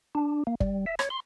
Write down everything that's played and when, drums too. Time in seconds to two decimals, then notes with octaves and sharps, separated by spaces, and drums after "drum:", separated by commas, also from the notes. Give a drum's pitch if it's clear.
0.15 D4
0.47 A#3
0.60 G3, drum: kick
0.86 E5
0.99 C#5, drum: rim click
1.10 C6